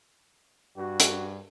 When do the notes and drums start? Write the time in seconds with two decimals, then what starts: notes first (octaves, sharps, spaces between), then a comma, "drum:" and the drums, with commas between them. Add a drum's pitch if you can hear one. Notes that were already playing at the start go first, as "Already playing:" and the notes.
0.77 G2 F#4
1.00 drum: hi-hat